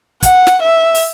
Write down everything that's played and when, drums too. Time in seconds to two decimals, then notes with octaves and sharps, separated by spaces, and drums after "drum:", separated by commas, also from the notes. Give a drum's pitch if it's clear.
0.23 F#5, drum: kick, hi-hat
0.47 drum: snare
0.62 E5
0.95 drum: open hi-hat